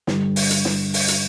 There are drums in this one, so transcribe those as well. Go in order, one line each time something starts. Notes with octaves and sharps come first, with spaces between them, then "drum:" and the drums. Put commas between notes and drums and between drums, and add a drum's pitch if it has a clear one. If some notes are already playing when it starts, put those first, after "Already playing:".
G2 D3 G3 D4 G4, drum: snare
drum: open hi-hat
drum: hi-hat
drum: snare
drum: open hi-hat
drum: hi-hat